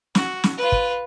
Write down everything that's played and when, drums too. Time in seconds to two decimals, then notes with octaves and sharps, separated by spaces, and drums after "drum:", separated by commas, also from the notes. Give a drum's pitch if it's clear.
0.15 F#4, drum: snare
0.44 drum: snare
0.58 F4 B4
0.72 drum: kick